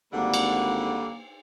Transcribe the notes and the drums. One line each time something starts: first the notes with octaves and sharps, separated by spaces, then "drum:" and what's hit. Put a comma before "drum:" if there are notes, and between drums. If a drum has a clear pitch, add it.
G#1 D3 G3 A#3 F#5
drum: cymbal